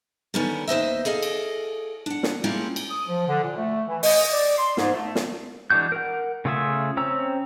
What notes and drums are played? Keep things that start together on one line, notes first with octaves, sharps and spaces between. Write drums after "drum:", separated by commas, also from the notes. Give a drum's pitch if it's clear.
D3 D#3 G3 B3 C#4
D#2 C5 D#5 E5
G#4 A4 D#5 F5
drum: cymbal
D4 F#5
drum: snare
G#3 A#3 C#4 E4 F4 G4
drum: cymbal
D#6
F3
D3
A#2
A3
E3
D#5, drum: open hi-hat
D5
C6
G#2, drum: snare
A3
drum: snare
E3 G#3 D4 F#4 G6
A#4 F#5
C#3 A3 F4 G#4 E5
C4 C#4 A#5 E6